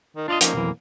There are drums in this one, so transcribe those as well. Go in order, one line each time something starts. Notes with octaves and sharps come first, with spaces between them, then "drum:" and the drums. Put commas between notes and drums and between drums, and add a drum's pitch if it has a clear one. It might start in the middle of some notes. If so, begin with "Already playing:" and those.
D#3
D4 F4 D5 D#5
F3 A#3 C#4 D#4, drum: hi-hat
B1 F2 E3